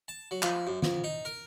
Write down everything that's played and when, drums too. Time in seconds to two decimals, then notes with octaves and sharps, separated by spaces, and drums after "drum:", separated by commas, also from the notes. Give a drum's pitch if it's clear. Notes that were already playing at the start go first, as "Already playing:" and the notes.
0.08 A5
0.31 F#3
0.43 F3, drum: clap
0.67 F#2
0.82 F2, drum: snare
1.04 D#4
1.25 A#4